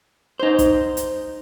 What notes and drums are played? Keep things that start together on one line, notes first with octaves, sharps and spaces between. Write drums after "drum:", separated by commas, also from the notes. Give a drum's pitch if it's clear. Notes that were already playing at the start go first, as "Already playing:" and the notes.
D#4 C5
drum: kick, hi-hat
drum: hi-hat